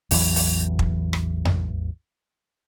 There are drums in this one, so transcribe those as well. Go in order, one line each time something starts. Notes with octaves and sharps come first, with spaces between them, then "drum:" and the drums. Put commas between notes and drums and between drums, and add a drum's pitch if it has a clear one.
A1 E2 E3 F#3, drum: open hi-hat
drum: open hi-hat
drum: kick
drum: rim click
drum: tom E2